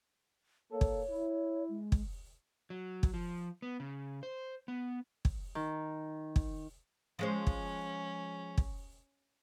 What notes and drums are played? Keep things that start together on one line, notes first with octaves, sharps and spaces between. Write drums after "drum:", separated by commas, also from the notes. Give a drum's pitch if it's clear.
A#3 A4 C#5
drum: kick
E4
G#3
drum: kick
F#3
drum: kick
F3
B3
C#3
C5
B3
drum: kick
D#3
drum: kick
F3 G#3 C#4 C5
drum: kick
drum: kick